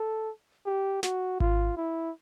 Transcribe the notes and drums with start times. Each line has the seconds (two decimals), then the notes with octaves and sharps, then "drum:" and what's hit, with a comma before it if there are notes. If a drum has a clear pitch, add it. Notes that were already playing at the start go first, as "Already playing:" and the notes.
Already playing: A4
0.66 G4
1.03 F#4, drum: snare
1.40 F4, drum: kick G#1
1.76 E4